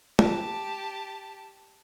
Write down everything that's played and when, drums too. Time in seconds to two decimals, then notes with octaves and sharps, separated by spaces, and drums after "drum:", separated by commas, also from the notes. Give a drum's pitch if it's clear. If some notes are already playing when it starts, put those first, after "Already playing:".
0.19 G4 A5, drum: tom